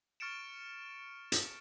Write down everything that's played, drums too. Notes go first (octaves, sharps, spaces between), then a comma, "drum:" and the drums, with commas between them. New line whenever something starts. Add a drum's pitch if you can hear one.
C#6 F6 A6 C#7 D7 E7
drum: hi-hat